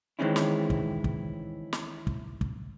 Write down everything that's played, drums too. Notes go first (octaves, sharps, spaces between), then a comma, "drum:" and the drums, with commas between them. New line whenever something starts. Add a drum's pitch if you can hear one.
D#3 E3 G#3 C4 C#4 E4
drum: snare
drum: kick
drum: kick
drum: snare
drum: kick
drum: kick